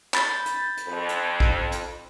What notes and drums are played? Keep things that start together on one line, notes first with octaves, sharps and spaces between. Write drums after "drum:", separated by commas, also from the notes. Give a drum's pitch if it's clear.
B5 G6 A6, drum: clap
drum: hi-hat
drum: hi-hat
F2
drum: hi-hat
drum: kick
drum: hi-hat